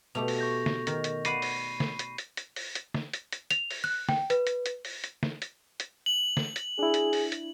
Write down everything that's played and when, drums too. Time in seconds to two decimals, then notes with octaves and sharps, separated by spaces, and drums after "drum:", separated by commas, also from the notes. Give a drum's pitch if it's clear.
0.15 B2 A3 G4 F7
0.28 drum: open hi-hat
0.38 C#6 G6 A#6
0.66 drum: snare
0.87 D#3, drum: hi-hat
1.04 drum: hi-hat
1.25 D5 F#5 B5 C7 D#7, drum: hi-hat
1.42 drum: open hi-hat
1.80 drum: snare
1.99 drum: hi-hat
2.18 drum: hi-hat
2.37 drum: hi-hat
2.56 drum: open hi-hat
2.75 drum: hi-hat
2.94 drum: snare
3.13 drum: hi-hat
3.32 drum: hi-hat
3.51 F7, drum: hi-hat
3.71 drum: open hi-hat
3.84 F#6
4.09 G5, drum: snare
4.30 B4, drum: hi-hat
4.47 drum: hi-hat
4.66 drum: hi-hat
4.85 drum: open hi-hat
5.04 drum: hi-hat
5.23 drum: snare
5.42 drum: hi-hat
5.80 drum: hi-hat
6.06 F#7
6.37 drum: snare
6.56 drum: hi-hat
6.79 D4 E4 G#4
6.94 drum: hi-hat
7.13 drum: open hi-hat
7.32 drum: hi-hat